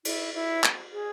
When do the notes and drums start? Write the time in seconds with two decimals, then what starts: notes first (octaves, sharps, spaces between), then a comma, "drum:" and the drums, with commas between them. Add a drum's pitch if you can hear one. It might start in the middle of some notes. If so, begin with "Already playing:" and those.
0.05 E4, drum: cymbal
0.34 E4
0.64 drum: clap
0.93 G#4